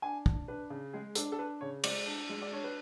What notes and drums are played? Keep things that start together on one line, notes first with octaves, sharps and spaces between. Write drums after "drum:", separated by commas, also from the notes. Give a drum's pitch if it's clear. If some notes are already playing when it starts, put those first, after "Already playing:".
D4 G#5
D4, drum: kick
D4 B4
C#3
G#3 G#4
D4 A4, drum: hi-hat
A4
D4 B4
C#3 C#5
G#3 D5, drum: cymbal
D4
G#3
D5
D4 C#5
B4